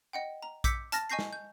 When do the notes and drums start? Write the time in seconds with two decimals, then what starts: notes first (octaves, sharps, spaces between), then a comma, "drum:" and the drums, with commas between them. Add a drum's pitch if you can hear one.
0.13 D#5 F#5 G5
0.43 A#5
0.64 D6 E6 G6 B6 C#7, drum: kick A#1, hi-hat
0.92 A5 F6 A6 A#6, drum: hi-hat
1.10 D#5 G#5 C#6 G6 A#6 C7
1.19 drum: snare
1.33 G6